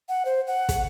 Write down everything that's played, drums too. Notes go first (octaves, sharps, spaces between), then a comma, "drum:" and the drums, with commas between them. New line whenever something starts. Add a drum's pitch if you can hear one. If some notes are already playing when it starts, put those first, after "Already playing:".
F#5
C5
F#5
drum: kick, hi-hat